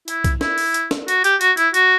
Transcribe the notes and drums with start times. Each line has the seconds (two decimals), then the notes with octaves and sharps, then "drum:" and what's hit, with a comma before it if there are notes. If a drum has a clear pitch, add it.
0.08 E4, drum: hi-hat
0.24 drum: kick B1, hi-hat
0.41 E4, drum: snare
0.58 drum: open hi-hat
0.74 drum: hi-hat
0.91 drum: snare
1.08 F#4, drum: hi-hat
1.24 G4, drum: hi-hat
1.41 F#4, drum: hi-hat
1.57 E4, drum: hi-hat
1.74 F#4, drum: hi-hat